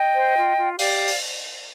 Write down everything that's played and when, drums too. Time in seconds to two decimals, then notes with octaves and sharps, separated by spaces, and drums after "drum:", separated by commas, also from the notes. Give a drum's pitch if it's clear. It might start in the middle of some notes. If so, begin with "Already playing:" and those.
Already playing: D#5 G5
0.14 C5
0.36 F4
0.57 F4
0.78 G4 D5 F5, drum: open hi-hat
1.07 drum: open hi-hat